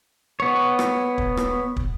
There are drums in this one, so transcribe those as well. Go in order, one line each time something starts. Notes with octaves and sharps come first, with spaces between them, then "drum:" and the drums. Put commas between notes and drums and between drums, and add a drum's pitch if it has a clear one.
B3 C#5
drum: rim click
drum: kick
drum: rim click
drum: kick